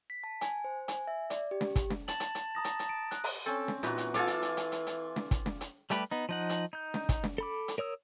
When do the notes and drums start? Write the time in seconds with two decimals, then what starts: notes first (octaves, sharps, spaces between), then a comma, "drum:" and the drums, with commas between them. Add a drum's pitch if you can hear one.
0.10 B6
0.24 A5
0.41 G#5, drum: hi-hat
0.64 C5
0.88 G#5, drum: hi-hat
1.07 E5
1.30 D5, drum: hi-hat
1.51 G4
1.61 drum: snare
1.76 drum: kick, hi-hat
1.90 drum: snare
2.08 A5 F#7, drum: hi-hat
2.20 drum: hi-hat
2.35 drum: hi-hat
2.55 A#5 D#6 A#6
2.64 drum: hi-hat
2.79 drum: hi-hat
2.89 D7
3.11 F#6, drum: hi-hat
3.24 drum: open hi-hat
3.46 C4 C#4 A4
3.68 drum: snare
3.83 A#2 E3 D#4 F#4 B4, drum: hi-hat
3.98 drum: hi-hat
4.14 F4 A4 F5 G#5 D6, drum: hi-hat
4.27 drum: hi-hat
4.42 drum: hi-hat
4.57 drum: hi-hat
4.72 drum: hi-hat
4.87 drum: hi-hat
5.16 drum: snare
5.31 drum: kick, hi-hat
5.46 drum: snare
5.61 drum: hi-hat
5.90 G3 A3 G4 B4, drum: hi-hat
6.11 B3 D#4
6.29 F3 D#4 F#5
6.50 drum: hi-hat
6.73 D#4 G6
6.94 drum: snare
7.09 drum: kick, hi-hat
7.24 drum: snare
7.38 A4 B5 D6
7.68 drum: hi-hat
7.78 A#4 C#5 D#6 E6